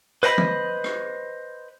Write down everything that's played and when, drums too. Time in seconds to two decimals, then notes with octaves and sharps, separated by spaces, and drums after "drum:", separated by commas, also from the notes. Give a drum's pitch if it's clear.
0.23 B4 C5 D#5 G5 B5, drum: hi-hat
0.38 drum: tom
0.84 drum: rim click